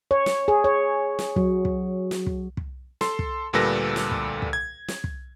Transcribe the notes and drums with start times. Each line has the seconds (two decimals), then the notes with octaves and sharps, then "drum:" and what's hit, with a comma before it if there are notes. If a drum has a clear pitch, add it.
0.11 C#5
0.26 drum: snare
0.48 G#4
0.64 C#5
1.19 drum: snare
1.36 F#3, drum: kick
1.65 drum: kick
2.11 drum: snare
2.26 drum: kick
2.57 drum: kick
3.01 A4 C6, drum: snare
3.19 drum: kick
3.53 D2 A#2 G3 A4 B4 A#6
3.96 drum: snare
4.11 drum: kick
4.42 drum: kick
4.53 G#6
4.88 drum: snare
5.04 drum: kick